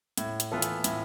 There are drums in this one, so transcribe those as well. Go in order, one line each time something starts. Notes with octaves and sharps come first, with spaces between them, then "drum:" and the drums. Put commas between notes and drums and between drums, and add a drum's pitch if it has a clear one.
A2, drum: hi-hat
drum: hi-hat
E3 B3 F4 A4
drum: hi-hat
A2, drum: hi-hat